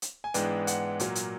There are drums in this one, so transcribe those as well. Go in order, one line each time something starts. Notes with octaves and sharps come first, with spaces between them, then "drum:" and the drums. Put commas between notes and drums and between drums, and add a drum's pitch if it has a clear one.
drum: hi-hat
G#5
G#2 E3 G#3 B3 D4 G5, drum: hi-hat
F#5, drum: hi-hat
A#2 F#3 A#3, drum: hi-hat
drum: hi-hat